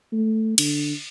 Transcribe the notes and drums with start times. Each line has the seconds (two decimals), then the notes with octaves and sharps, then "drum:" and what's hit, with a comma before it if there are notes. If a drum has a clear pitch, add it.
0.12 A3
0.58 D3, drum: cymbal